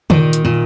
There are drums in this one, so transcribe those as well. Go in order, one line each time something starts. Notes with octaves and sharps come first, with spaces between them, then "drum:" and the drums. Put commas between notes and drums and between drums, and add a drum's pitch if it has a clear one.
A#2 D#3 D#4, drum: tom
drum: hi-hat
A#2